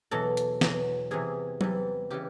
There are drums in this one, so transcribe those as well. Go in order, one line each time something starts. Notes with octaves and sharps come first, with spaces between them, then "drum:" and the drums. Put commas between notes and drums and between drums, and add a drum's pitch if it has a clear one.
E2 B2 F#3 A4
drum: hi-hat
E2 B2 F#3, drum: snare
E2 C3 E3 G3 G#4
E2 C3 E3 G3, drum: tom F#3
C#3 E3 G3 G4